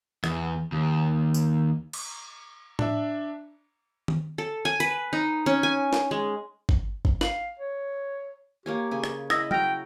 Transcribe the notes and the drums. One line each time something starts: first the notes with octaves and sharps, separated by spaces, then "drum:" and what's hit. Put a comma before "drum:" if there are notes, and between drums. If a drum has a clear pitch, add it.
E2, drum: rim click
D#2
drum: tambourine
drum: cymbal
D4 E5, drum: tom A2
drum: tom D#3
A4
G#5
B4, drum: hi-hat
D#4
C#4
G#5
drum: snare
G#3
drum: kick G#1
drum: kick G#1
F5 F#7, drum: snare
C#5
A#3 G4 C#5 G#5
C#3 G#5
drum: rim click
E4 D#5 B5 D#6 E6 A#6, drum: rim click
F#4 G5 A#5 F6 A#6, drum: tom F#3